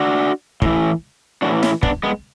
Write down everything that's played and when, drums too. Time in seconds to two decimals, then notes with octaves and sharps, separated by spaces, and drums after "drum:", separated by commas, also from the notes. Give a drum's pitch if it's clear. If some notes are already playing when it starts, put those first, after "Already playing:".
Already playing: D4 F#4
0.62 A2 E3, drum: kick
1.42 A2 E3 D4 F#4
1.63 C#4 E4, drum: snare
1.83 B3 D4, drum: kick
2.03 G#3 B3